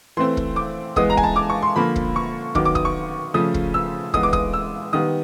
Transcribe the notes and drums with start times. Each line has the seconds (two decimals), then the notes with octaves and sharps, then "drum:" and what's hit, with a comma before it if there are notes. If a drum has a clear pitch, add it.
0.17 E3 A3 C4 C6
0.37 drum: kick
0.56 D6
0.96 E3 G#3 B3 D#6, drum: kick
1.10 A#5
1.17 G#5, drum: kick
1.23 A5
1.36 D6
1.50 C#6
1.62 C6
1.76 D3 F3 A#3 B5
1.96 drum: kick
2.16 C#6
2.55 D#3 F#3 B3 D6, drum: kick
2.65 D6
2.75 D#6, drum: kick
2.85 C#6
3.34 C#3 F3 A3 D#6
3.54 drum: kick
3.74 E6
4.14 E3 G#3 B3 D#6, drum: kick
4.23 D6
4.33 D#6, drum: kick
4.53 E6
4.93 D#3 G3 B3 D#6